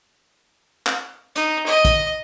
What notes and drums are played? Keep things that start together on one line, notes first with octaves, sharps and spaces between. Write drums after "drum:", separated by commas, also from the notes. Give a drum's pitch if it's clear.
drum: clap
D#4, drum: hi-hat
D#5
drum: kick, hi-hat